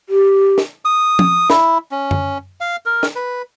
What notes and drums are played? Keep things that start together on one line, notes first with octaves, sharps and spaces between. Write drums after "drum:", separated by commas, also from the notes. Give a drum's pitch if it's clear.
G4
drum: snare
D#6
drum: tom F3
E4, drum: snare
C#4
drum: tom F#2
F5
A#4
drum: snare
B4